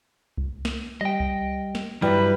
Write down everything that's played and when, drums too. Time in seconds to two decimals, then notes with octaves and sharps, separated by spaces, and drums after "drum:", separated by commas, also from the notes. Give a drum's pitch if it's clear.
0.38 drum: kick C2
0.65 drum: snare
1.01 G3 D#5 G5
1.20 drum: kick C2
1.75 drum: snare
2.02 G2 F#3 G3 E4 B4